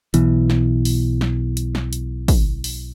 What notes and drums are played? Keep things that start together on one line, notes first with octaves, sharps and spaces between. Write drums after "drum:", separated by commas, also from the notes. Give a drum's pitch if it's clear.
B1 B2 E3, drum: hi-hat
drum: snare
drum: open hi-hat
drum: snare
drum: hi-hat
drum: snare
drum: hi-hat
drum: kick, open hi-hat
drum: open hi-hat